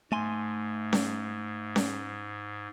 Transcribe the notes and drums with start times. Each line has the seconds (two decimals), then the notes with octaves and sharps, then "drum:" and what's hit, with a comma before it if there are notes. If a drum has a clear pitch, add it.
0.12 G#2 A3 G#5 C6
0.93 drum: snare C#4
1.76 drum: snare C#4